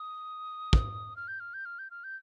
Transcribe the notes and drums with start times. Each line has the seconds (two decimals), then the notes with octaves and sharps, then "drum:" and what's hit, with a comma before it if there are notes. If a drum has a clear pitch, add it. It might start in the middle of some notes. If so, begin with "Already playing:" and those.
Already playing: D#6
0.73 drum: kick
1.16 F6
1.28 G6
1.40 F6
1.54 G6
1.65 F6
1.79 G6
1.90 F6
2.04 G6